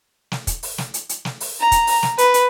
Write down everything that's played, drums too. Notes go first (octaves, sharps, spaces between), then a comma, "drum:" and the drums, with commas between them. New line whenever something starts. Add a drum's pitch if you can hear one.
drum: snare
drum: kick, hi-hat
drum: open hi-hat
drum: snare
drum: hi-hat
drum: hi-hat
drum: snare
drum: open hi-hat
A#5
drum: kick, hi-hat
drum: open hi-hat
drum: snare
B4, drum: hi-hat
drum: hi-hat